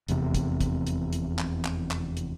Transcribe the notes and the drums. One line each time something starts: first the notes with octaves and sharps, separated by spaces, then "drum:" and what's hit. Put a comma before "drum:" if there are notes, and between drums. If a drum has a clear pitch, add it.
F1 E2 A2 C3, drum: hi-hat
drum: kick, hi-hat
drum: kick, hi-hat
drum: hi-hat
drum: hi-hat
drum: clap
drum: clap
drum: clap
drum: hi-hat